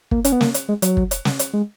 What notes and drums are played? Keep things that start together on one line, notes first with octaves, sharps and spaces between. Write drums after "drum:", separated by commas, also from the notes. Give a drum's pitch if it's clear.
A#3, drum: kick
C#4, drum: hi-hat
B3
A#3, drum: snare
drum: hi-hat
G#3
F#3, drum: hi-hat
drum: kick
drum: hi-hat
drum: snare
drum: hi-hat
G#3